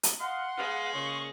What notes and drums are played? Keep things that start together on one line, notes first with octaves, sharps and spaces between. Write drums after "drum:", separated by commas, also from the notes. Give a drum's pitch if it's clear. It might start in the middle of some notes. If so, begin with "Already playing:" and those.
drum: hi-hat
D#5 F5 F#5 C6
G#3 B3 F5
A#2 C#3 C#6